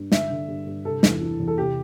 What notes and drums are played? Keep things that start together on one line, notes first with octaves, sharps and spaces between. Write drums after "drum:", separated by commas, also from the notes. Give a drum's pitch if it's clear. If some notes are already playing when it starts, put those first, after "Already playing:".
Already playing: G2
D3 E5, drum: snare
D3
G2
G2
C3 A4
E2, drum: snare
E3
E2
A4
C3 G4